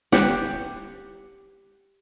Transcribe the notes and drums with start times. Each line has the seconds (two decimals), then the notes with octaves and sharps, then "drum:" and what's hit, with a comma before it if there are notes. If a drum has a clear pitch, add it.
0.12 G4 F#5, drum: snare